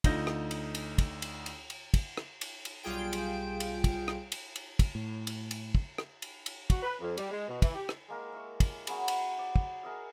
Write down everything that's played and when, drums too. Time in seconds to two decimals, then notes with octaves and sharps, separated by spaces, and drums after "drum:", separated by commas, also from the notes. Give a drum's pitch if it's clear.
0.04 D2 D#4 F4 G6 A#6, drum: kick, cymbal
0.27 drum: rim click
0.51 drum: cymbal
0.75 drum: cymbal
0.98 drum: kick, cymbal
1.22 drum: cymbal
1.46 drum: cymbal
1.70 drum: cymbal
1.94 drum: kick, cymbal
2.17 drum: rim click
2.41 drum: cymbal
2.65 drum: cymbal
2.83 B1 G3 F4 G#4 G5 D7
3.13 drum: cymbal
3.60 drum: cymbal
3.84 drum: kick, cymbal
4.08 drum: rim click
4.32 drum: cymbal
4.56 drum: cymbal
4.79 drum: kick, cymbal
4.95 A2
5.27 drum: cymbal
5.51 drum: cymbal
5.75 drum: kick
5.98 drum: rim click
6.22 drum: cymbal
6.46 drum: cymbal
6.70 F#4, drum: kick, cymbal
6.83 B4
7.01 F2
7.17 G3, drum: cymbal
7.31 G#3
7.48 B2
7.62 E3, drum: kick, cymbal
7.75 G4
7.89 drum: rim click
8.08 G#3 A#3 A#4
8.32 E5 C#6
8.60 drum: kick, cymbal
8.87 F#3 C#4 G#4 B5, drum: cymbal
9.08 drum: cymbal
9.39 D5
9.56 drum: kick
9.83 G#4 A#4 D#5 E5